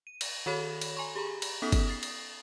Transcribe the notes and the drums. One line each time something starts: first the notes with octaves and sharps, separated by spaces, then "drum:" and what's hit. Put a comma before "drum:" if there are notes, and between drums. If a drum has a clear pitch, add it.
D#7
drum: cymbal
D#3 F#4 A4 C#5 B5
drum: cymbal
G#5 A#5 C6 C#6
G4 G#4 A#5 B5
drum: cymbal
B3 C#4 D#4 A4 D#6 B6
drum: kick G1, cymbal
D#6 A6 C7
drum: cymbal